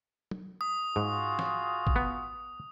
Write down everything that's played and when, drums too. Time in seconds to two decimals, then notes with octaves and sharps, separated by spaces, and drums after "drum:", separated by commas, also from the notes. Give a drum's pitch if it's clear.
0.31 drum: tom F#3
0.61 D#6
0.96 G#2 F4 F#4 G#4
1.39 drum: snare F3
1.87 drum: kick
1.96 B3